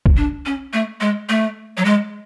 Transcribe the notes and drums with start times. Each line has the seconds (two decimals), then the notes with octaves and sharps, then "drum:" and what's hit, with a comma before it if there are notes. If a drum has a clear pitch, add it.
0.06 drum: kick B1
0.17 D4
0.46 C#4
0.73 A3
1.01 G#3
1.29 A3
1.77 F#3
1.85 G#3